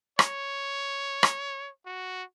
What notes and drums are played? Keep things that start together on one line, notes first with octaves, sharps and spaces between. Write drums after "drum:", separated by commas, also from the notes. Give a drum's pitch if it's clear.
C#5, drum: rim click
drum: rim click
F#4